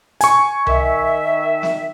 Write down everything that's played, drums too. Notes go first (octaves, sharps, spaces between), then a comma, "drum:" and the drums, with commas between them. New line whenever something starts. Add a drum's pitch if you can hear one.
G#5 C#6, drum: hi-hat
D#3 E5, drum: tom C2
drum: snare